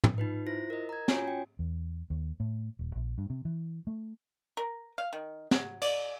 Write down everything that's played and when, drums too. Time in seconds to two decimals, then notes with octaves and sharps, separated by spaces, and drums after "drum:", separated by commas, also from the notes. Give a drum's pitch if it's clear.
0.04 drum: tom
0.18 D#4 F4 B4
0.47 E4 F4 C5 A#6
0.70 A#4 D#5
0.89 A#5 G#6
1.08 C#4 F4 F#4 C#5 G#5, drum: snare
1.28 G5
1.59 E2
2.10 D#2
2.40 A2
2.79 D#1
2.95 A#1
3.18 G2
3.30 C3
3.45 E3
3.87 A3
4.57 A#4
4.98 F5
5.13 D#3
5.51 F#3, drum: snare
5.82 D5, drum: cymbal